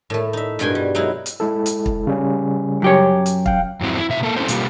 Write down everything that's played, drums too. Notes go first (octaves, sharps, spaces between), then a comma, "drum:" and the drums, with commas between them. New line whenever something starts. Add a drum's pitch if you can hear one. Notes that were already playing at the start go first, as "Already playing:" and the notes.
A2 A3
D#4 E5
G2 B2 G#3 G5 G#5
G3
F#3 G#3 D#4 E4
drum: hi-hat
G#3 E4 A4
drum: hi-hat
drum: kick
C#3 G3 C#4
F#2 G4 C#5
drum: hi-hat
F5 G5, drum: kick
F2 G#2 F#3 C4 E4
E4
B2 E5
A#3 A4
C4 C#4 E4 A4 C5
B2 G3 A#3 F4 G4, drum: hi-hat